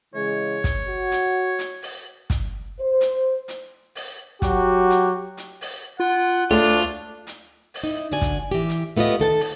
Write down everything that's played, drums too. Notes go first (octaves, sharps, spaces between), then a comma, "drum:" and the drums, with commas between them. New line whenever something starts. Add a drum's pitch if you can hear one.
C#3 E3 G#3 C#5
drum: kick, hi-hat
F#4
drum: hi-hat
drum: hi-hat
drum: open hi-hat
drum: kick, hi-hat
C5
drum: hi-hat
drum: hi-hat
drum: open hi-hat
F#3 F#4 G4, drum: kick, hi-hat
drum: hi-hat
drum: hi-hat
drum: open hi-hat
F4 F#5
D2 A3 D4 F4
drum: hi-hat
drum: hi-hat
drum: open hi-hat
D#4 E4
D3 D4 F#4 D5 G#5
drum: kick, hi-hat
E3 G4
drum: hi-hat
A3 B3 F4 G4 D#5
D#3 A4 G5 A5
drum: open hi-hat